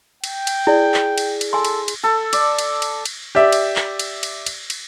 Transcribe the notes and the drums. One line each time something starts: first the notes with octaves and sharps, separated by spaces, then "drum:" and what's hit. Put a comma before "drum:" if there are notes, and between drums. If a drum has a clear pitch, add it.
G5, drum: cymbal
drum: cymbal
E4 G#4 D5
drum: clap
drum: cymbal
drum: cymbal
A4 G#5 C6
drum: cymbal
drum: cymbal
A4
D5, drum: cymbal
drum: cymbal
drum: cymbal
drum: cymbal
G4 D5 E5
drum: cymbal
drum: clap
drum: cymbal
drum: cymbal
drum: cymbal
drum: cymbal